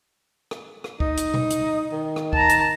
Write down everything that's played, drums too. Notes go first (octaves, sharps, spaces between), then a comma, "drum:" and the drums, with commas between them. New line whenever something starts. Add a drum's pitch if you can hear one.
drum: rim click
drum: rim click
D#4, drum: kick
drum: hi-hat
drum: tom B2
drum: hi-hat
D#3
drum: rim click
A5 A#5, drum: kick
drum: hi-hat